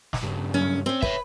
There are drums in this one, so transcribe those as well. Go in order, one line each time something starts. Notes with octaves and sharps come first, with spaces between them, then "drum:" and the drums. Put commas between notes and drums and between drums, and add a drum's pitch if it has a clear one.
drum: snare
G2 C#3
F#2 C#4
C4 C#4
B4 C#5 E5, drum: kick